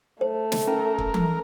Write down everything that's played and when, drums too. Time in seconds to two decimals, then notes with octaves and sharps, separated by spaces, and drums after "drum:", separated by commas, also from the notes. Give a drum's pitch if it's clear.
0.21 A3 C5
0.52 drum: snare
0.67 C#4 A#4
0.98 drum: kick
1.14 drum: tom E3